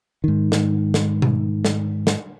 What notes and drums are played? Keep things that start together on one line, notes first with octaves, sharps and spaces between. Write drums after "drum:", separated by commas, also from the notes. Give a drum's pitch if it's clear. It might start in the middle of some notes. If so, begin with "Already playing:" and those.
G#2 D#3
drum: snare
drum: snare
drum: tom B2
drum: snare
drum: snare